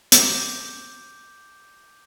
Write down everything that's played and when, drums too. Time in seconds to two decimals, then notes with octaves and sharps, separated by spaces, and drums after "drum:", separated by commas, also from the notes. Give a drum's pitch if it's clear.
0.12 D6 G6, drum: hi-hat